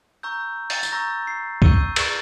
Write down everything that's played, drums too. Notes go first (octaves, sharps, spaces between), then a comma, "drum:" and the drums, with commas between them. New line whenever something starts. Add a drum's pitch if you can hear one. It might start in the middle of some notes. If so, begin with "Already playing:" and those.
A#5 C#6 E6 G6
A6, drum: open hi-hat
drum: tambourine
A#5 C#6 E6 G6 A#6
C7
C#6 E6 G6 D#7, drum: kick
A6, drum: cymbal